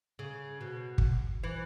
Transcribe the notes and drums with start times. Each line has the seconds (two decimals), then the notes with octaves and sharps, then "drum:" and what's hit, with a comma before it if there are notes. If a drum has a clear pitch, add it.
0.19 C#3
0.61 B2
0.98 drum: kick
1.44 E3